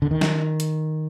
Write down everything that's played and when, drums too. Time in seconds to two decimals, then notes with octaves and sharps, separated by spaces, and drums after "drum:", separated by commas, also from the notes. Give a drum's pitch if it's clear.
0.02 D3
0.11 D#3
0.21 drum: snare
0.60 drum: hi-hat